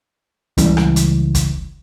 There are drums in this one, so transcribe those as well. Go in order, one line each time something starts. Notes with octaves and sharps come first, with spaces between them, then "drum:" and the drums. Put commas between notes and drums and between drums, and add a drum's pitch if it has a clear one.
C#2 C#3 E3 G3, drum: hi-hat
drum: rim click
drum: hi-hat
drum: kick, hi-hat